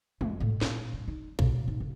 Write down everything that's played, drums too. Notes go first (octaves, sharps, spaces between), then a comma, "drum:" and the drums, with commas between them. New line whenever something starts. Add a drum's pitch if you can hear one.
F2, drum: tom G3
A2
A#2, drum: snare
G2
D#4
B2, drum: kick
G#2
C#3